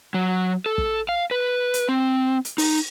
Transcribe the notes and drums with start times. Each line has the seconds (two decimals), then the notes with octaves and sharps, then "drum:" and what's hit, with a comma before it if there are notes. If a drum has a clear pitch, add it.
0.14 F#3
0.66 A4
0.78 drum: kick
1.09 F5
1.31 B4
1.74 drum: hi-hat
1.89 C4
2.45 drum: hi-hat
2.58 D#4, drum: open hi-hat